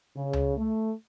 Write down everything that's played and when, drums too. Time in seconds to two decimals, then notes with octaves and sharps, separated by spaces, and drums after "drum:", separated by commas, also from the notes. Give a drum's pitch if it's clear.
0.17 C#3
0.33 drum: tom C#2
0.57 A3